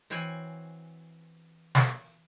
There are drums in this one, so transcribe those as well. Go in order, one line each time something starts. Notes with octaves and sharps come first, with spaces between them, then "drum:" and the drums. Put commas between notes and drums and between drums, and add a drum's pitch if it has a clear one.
E3 C4 F#4 C#5 G#5
drum: snare